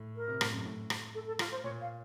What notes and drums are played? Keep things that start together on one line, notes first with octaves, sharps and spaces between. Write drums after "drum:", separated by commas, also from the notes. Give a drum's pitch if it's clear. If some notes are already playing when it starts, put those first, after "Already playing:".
Already playing: A2
A#4
C3
A2, drum: rim click
F#2
A2
drum: rim click
A4
A4
F4, drum: rim click
C5
A#2 C#5
F5